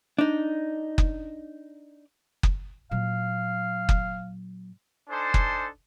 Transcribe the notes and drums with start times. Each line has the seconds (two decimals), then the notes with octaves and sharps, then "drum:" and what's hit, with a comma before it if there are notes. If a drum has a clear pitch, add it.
0.19 D4 D#4
0.98 drum: kick F#1
2.43 drum: kick F#1
2.91 A#2 F#3 F5
3.89 drum: kick F#1
5.10 D4 D#4 A4 C5 G#5 C6
5.34 drum: kick F#1